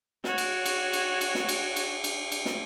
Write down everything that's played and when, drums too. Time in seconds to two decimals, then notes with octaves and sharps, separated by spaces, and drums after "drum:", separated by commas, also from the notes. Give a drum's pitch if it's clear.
0.24 F#4 C#5, drum: snare
0.38 drum: cymbal
0.66 drum: cymbal
0.93 drum: cymbal
1.21 drum: cymbal
1.35 drum: snare
1.49 drum: cymbal
1.76 drum: cymbal
2.04 drum: cymbal
2.32 drum: cymbal
2.45 drum: snare